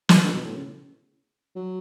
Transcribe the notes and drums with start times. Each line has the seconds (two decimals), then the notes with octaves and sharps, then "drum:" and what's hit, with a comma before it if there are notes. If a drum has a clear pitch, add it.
0.09 F3, drum: snare
0.24 D3
0.34 B2
0.45 A2
0.56 C#3
1.56 F#3